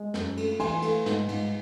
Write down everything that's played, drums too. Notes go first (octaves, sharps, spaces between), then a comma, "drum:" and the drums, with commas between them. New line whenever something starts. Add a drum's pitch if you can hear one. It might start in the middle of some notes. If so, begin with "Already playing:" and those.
Already playing: G#3
F#2, drum: snare
A3, drum: cymbal
E3 G#5 C6, drum: cymbal
A3, drum: cymbal
G#2, drum: snare
G#2, drum: cymbal